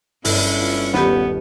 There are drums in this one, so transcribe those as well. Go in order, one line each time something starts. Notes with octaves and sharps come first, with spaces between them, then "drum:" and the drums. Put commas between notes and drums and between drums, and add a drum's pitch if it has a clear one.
G1 C#4 E4, drum: open hi-hat
F4
D#1 B3 G4 B5, drum: snare